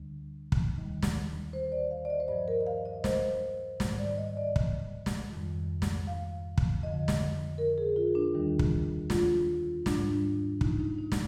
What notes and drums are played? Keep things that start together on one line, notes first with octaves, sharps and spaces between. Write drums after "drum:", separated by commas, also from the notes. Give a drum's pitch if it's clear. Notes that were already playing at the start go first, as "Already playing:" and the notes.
Already playing: D2 D3 G3
drum: kick
D#2 D#3 G3
drum: snare
C5
C5
D5
F5
D5
D#5
C5
G2 F3 D5
A#4
D#5
F5
D#5
C5, drum: snare
G#2 D#3 G3, drum: snare
D5
D#5
D5
drum: kick
drum: snare
F2 D#3 G3
drum: snare
F5
drum: kick
F2 D3 F3 D#5
drum: snare
A#4
G#4
F4
D4
D#2 D#3 G3
drum: kick
F4, drum: snare
G#2 G3 D4, drum: snare
D4
D#4, drum: kick
D#4
D#4
drum: snare